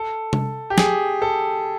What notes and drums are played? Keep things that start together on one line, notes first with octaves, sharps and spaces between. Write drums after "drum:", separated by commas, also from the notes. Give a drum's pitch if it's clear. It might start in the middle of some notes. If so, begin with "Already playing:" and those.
Already playing: A4
drum: tom C3
G4
G#4, drum: snare
A4